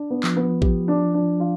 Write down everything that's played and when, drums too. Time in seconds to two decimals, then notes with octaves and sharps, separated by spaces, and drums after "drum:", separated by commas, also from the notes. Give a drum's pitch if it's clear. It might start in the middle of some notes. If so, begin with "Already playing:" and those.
Already playing: D4
0.10 B3
0.24 F3, drum: clap
0.37 B3
0.62 G4, drum: kick A#1
0.88 D4
1.14 D4
1.40 F4